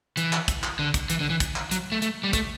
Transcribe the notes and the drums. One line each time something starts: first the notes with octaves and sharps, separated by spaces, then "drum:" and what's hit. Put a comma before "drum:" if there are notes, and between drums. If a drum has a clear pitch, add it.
E3, drum: hi-hat
drum: clap
drum: kick, hi-hat
drum: clap
D3
drum: kick, hi-hat
E3, drum: hi-hat
D3
E3
drum: kick, hi-hat
drum: clap
F#3, drum: hi-hat
A3
A3, drum: hi-hat
G3
A3, drum: kick, hi-hat